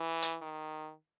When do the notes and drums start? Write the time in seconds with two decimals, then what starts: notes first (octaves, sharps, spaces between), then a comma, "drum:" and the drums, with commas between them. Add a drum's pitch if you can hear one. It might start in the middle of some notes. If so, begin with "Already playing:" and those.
Already playing: E3
0.23 drum: hi-hat
0.42 D#3